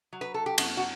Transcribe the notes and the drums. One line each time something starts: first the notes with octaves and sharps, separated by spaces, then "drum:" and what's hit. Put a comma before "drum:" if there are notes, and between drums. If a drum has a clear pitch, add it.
F#3
B4
A4
G4
F#2 F#4, drum: cymbal
F#4